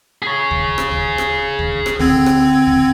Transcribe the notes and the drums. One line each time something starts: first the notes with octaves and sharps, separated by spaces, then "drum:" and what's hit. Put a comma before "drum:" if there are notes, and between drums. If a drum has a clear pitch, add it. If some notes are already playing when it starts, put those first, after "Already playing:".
G#4 C#5
drum: kick
drum: rim click
drum: kick
drum: rim click
drum: kick
drum: rim click
D3 C4 G#6, drum: kick
drum: rim click
drum: kick